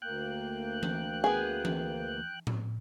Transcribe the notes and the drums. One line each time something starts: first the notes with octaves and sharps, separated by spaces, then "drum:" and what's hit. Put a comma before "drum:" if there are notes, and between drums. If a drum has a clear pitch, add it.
D2 A#3 G5 F#6
drum: tom E3
B3 G#4
drum: tom E3
drum: tom A2